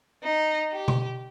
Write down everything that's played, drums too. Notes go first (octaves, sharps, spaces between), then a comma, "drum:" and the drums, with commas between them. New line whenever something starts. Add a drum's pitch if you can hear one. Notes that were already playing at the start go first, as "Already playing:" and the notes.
D#4
G4
drum: tom B2